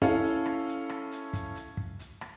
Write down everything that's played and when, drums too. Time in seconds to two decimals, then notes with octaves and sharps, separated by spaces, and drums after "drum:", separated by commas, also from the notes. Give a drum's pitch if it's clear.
0.02 C#4 E4 A4 F5, drum: kick, hi-hat
0.24 drum: hi-hat
0.46 drum: rim click
0.68 drum: hi-hat
0.89 drum: rim click
1.11 drum: hi-hat
1.33 drum: kick, hi-hat
1.55 drum: hi-hat
1.77 drum: kick
1.99 drum: hi-hat
2.21 drum: rim click